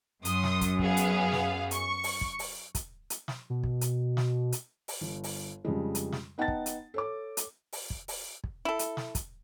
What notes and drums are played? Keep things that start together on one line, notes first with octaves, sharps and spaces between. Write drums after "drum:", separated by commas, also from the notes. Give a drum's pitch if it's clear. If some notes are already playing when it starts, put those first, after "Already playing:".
F#2 C6 D#6, drum: hi-hat
drum: snare
drum: kick, hi-hat
B3 G#4 F5, drum: kick
drum: hi-hat
drum: snare
C#6, drum: hi-hat
drum: open hi-hat
drum: kick
drum: open hi-hat
drum: kick, hi-hat
drum: hi-hat
drum: snare
B2
drum: kick
drum: hi-hat
drum: snare
drum: hi-hat
drum: open hi-hat
G1
drum: open hi-hat
F2 C#3 G3 G#3
drum: hi-hat
drum: snare
B3 D#4 F#5 G5 A5 A6
drum: kick
drum: hi-hat
A4 C#5 D6
drum: hi-hat
drum: open hi-hat
drum: kick
drum: open hi-hat
drum: kick
E4 A4
drum: hi-hat
drum: snare
drum: kick, hi-hat